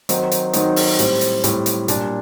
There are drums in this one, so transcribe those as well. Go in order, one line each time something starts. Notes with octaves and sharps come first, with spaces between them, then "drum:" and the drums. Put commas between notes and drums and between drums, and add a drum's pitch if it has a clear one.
D#3 F#3 C4 D#4, drum: hi-hat
drum: hi-hat
D#3 F#3 C4 D#4, drum: hi-hat
drum: open hi-hat
A2 G3 C4, drum: hi-hat
drum: hi-hat
A2 G3 C4, drum: hi-hat
drum: hi-hat
A#2 G3 D4, drum: hi-hat